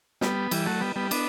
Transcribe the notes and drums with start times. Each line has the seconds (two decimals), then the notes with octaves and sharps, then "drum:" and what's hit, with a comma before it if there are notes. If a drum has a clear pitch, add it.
0.21 G3 B3, drum: snare
0.51 E3 G3, drum: cymbal
0.66 F#3 A3
0.81 G3 B3
0.96 G3 B3
1.11 B3 D4, drum: cymbal